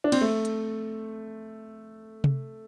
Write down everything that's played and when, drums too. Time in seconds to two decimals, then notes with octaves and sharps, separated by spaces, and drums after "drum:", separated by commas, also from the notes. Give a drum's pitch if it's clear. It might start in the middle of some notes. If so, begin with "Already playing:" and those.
0.04 D4
0.12 C4, drum: cymbal
0.21 A3
0.45 drum: hi-hat
2.24 drum: tom C3